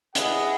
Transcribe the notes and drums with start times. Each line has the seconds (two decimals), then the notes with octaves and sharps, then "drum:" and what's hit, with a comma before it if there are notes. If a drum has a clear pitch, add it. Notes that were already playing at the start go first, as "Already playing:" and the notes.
0.15 E4 G#4 B4 D#5 F#5, drum: hi-hat